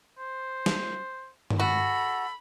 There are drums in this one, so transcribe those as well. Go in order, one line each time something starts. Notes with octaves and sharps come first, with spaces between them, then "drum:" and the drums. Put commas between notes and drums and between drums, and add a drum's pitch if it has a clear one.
C5
drum: snare
drum: tom
F#4 A4 B5